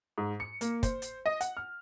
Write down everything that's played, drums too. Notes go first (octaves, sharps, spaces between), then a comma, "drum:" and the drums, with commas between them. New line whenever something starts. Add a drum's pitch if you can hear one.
G#2
C#7
A#3, drum: hi-hat
C5, drum: kick, hi-hat
drum: hi-hat
D#5
F#5, drum: hi-hat
F6